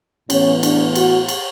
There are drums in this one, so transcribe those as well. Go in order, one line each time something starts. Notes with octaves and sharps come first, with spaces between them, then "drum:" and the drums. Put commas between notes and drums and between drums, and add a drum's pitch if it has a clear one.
A2 E3 B3 C#4, drum: cymbal
D4, drum: cymbal
F#4, drum: cymbal
drum: cymbal